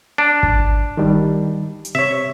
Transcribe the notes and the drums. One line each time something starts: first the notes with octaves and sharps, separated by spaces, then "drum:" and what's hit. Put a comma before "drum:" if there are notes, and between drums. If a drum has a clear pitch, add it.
D4
drum: kick G#1
D#3 G3
drum: hi-hat
C3 C#5 E5